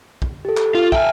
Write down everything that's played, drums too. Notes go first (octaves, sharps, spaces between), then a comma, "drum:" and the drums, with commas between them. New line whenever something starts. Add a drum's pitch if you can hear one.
drum: kick
G4 A4
drum: clap
F4
E5 G5 G#5 A#5 F6, drum: kick